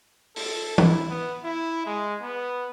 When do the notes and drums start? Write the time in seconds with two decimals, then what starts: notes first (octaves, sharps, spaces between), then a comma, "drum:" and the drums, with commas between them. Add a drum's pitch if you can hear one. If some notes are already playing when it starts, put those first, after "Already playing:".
0.36 A4, drum: open hi-hat
0.78 E4, drum: tom
1.10 B3
1.44 E4
1.86 G#3
2.22 B3